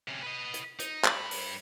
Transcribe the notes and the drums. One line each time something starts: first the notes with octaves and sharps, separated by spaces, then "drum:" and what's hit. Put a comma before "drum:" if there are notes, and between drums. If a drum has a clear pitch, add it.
C3 C#4
B4 D#5
drum: hi-hat
D#4, drum: hi-hat
G2 B5, drum: clap
drum: open hi-hat